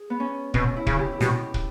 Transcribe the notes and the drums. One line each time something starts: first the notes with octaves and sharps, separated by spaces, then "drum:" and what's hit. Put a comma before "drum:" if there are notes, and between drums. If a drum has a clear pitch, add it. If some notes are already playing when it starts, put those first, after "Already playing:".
Already playing: G#4
B3
C#4
B2 C#4, drum: kick
E4
C#3, drum: kick
G4
E4
B2 G4, drum: snare
drum: kick